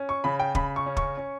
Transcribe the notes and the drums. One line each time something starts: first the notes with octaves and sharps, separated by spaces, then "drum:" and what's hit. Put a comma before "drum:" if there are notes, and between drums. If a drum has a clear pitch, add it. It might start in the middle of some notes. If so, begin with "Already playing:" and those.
Already playing: C#4
C#6
C#3 B5
G5
C#3 B5, drum: kick
C#6
C#4
C#6, drum: kick
C#4